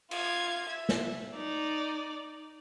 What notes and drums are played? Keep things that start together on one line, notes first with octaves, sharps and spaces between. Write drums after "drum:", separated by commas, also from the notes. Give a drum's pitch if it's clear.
F4 G#6, drum: cymbal
E5
drum: snare
D#4 D5